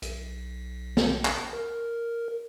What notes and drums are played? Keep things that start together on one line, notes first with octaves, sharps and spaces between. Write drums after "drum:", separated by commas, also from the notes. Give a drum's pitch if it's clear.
B1, drum: hi-hat
drum: snare
drum: clap
A#4